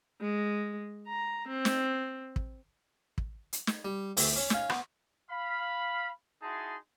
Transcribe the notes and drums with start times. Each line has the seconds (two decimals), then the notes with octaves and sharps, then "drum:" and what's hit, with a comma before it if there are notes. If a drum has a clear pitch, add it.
0.21 G#3
1.08 A#5
1.48 C4
1.65 drum: snare
2.36 drum: kick
3.18 drum: kick
3.53 drum: hi-hat
3.67 drum: snare
3.85 G3
4.17 D2 C4 E5, drum: open hi-hat
4.36 C#4 C#5
4.50 C#4 F5, drum: snare
4.70 B3, drum: rim click
5.30 F5 B5
6.42 D#4 E4 F#4 G#4 A5 C6